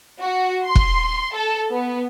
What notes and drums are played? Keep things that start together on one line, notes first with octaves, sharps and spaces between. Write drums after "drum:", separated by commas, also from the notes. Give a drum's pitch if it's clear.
F#4
C6
drum: kick F1
A4
B3